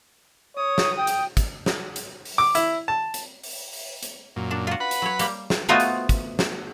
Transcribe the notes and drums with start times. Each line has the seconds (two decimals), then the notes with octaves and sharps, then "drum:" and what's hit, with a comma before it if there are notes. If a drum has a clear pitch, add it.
0.57 C#5 D#6
0.78 drum: snare
0.97 G5
1.07 drum: hi-hat
1.37 drum: kick, hi-hat
1.66 drum: snare
1.96 drum: hi-hat
2.25 drum: open hi-hat
2.38 D6
2.55 E4, drum: hi-hat
2.88 A5
3.14 drum: hi-hat
3.44 drum: open hi-hat
3.73 drum: open hi-hat
4.03 drum: hi-hat
4.36 F#2 A#2
4.51 D4
4.67 F4 F#4
4.80 B4 F#5 B5
4.91 drum: hi-hat
5.02 F#3 C#5
5.19 G3 A#3 G4, drum: hi-hat
5.50 drum: snare
5.69 A3 B3 F4 F#4 C5 D#5
5.80 drum: hi-hat
6.09 drum: kick, hi-hat
6.39 drum: snare